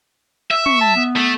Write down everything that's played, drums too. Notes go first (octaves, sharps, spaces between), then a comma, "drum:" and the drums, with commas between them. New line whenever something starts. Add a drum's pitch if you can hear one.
E5 E6
C#6, drum: tom
A5
B3
A3